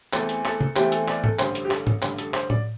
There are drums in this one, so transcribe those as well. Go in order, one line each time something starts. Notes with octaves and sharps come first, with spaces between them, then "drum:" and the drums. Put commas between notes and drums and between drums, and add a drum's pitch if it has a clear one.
E2 E3 A3 C4 A4, drum: clap
drum: hi-hat
A4, drum: clap
drum: tom C3
E2 E3 A3 C4 G4, drum: clap
A4, drum: hi-hat
D5, drum: clap
A4, drum: tom G#2
A1 G2 D3 C5, drum: clap
drum: hi-hat
G4
A4, drum: clap
drum: tom G#2
A1 G2 D3, drum: clap
A4, drum: hi-hat
C5, drum: clap
D5, drum: tom A2